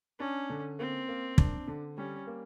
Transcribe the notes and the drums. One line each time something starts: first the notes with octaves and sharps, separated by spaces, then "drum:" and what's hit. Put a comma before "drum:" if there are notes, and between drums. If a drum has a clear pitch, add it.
C#4 D4
D3
A#3 C4
A#3
D4, drum: kick
D3
G3 C#4
A#3